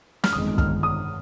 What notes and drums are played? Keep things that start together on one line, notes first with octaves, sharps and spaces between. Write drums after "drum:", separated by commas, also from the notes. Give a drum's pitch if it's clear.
F6, drum: snare
G1 F2 D#3 G#3 D#6
F6, drum: kick
D#6